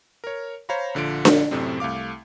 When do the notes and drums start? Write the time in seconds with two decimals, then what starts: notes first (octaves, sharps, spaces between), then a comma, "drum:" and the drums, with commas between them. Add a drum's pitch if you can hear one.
0.24 A#4 C#5
0.69 C5 C#5 F5 A#5 B5
0.95 A#1 D3 F4 D7
1.25 drum: snare D4
1.51 F#2 A2 C3 A3 C4
1.80 C2 A3 F5 D6